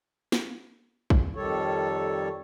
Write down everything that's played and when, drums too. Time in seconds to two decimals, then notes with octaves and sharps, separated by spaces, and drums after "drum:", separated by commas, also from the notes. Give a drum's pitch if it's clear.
0.32 drum: snare
1.10 drum: kick
1.35 F2 D#3 G3 A4 C#5